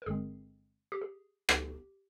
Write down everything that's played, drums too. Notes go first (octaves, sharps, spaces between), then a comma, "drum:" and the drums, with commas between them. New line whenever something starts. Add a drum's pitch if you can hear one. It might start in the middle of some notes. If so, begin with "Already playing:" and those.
A#4
G1 G2 D3 G#3 C4 G#4
G4
G#4
G4, drum: rim click